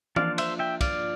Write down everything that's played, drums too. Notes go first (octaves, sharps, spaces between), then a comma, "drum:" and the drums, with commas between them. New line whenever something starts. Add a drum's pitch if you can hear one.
F3 A#3 D4 F4 D5 F5, drum: tom E3
C5 E5, drum: cymbal
E5 G5
D5 F5, drum: kick, cymbal